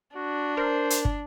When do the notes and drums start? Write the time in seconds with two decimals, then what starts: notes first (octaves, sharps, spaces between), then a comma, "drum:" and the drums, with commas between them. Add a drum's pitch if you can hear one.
0.16 D4 F#4
0.57 A#4 C5
0.90 drum: hi-hat
1.05 drum: kick